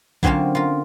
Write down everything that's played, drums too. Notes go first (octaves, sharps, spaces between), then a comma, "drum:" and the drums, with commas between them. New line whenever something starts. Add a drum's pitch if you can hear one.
D3 F#3 C4 C#4 F4 A#4, drum: kick B1
F4 A#4